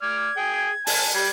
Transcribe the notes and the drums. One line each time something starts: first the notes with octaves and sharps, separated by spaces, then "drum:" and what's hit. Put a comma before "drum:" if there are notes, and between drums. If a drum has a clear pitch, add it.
D5 F6 G#6
G#4 G5
G#5 A5, drum: open hi-hat
G3 G#6